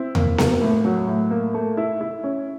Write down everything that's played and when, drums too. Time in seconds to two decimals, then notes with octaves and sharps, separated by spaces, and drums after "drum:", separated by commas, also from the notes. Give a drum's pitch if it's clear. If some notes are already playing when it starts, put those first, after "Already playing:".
Already playing: C4 E4
0.15 A#3, drum: tom E2
0.38 A#3, drum: snare B3
0.62 A2
0.85 F#3
1.07 A2
1.31 A#3
1.54 A3
1.77 E4
2.01 E4
2.24 C#4